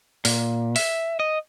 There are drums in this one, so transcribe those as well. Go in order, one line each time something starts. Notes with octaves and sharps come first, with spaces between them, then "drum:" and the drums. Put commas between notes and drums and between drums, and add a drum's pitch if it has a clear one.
A#2, drum: open hi-hat
E5, drum: open hi-hat
D#5